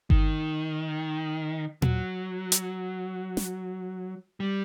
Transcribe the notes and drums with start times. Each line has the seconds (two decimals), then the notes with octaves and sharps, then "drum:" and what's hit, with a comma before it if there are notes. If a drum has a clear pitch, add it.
0.10 D#3, drum: kick G1
1.82 F#3, drum: tom A#2
2.52 drum: hi-hat
3.37 drum: snare
4.40 G3